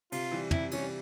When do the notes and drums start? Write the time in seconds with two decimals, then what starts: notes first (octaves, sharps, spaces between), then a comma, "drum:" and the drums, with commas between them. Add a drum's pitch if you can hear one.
0.12 C3 F4, drum: cymbal
0.32 E3 G3
0.51 C3 E4, drum: tom
0.71 E3 G3 C#4, drum: cymbal